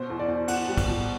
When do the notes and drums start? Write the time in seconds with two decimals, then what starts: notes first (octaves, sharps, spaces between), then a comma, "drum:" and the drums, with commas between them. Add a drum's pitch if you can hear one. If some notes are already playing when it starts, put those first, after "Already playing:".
Already playing: B2 C5
0.10 E2
0.19 D5
0.28 E2
0.48 E2 F#5, drum: cymbal
0.68 G3
0.77 drum: kick, cymbal
0.88 B2